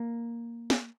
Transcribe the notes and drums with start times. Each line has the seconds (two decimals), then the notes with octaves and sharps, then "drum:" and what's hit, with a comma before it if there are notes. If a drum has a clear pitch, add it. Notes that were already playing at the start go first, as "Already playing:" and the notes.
Already playing: A#3
0.70 drum: snare